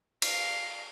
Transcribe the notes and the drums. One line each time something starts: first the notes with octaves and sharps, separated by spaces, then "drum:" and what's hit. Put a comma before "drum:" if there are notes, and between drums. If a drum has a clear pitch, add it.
F5, drum: cymbal